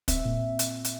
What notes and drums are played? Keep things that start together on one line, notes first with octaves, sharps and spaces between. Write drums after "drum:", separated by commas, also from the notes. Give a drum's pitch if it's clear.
C4 E5, drum: kick, hi-hat
A#2
drum: hi-hat
drum: hi-hat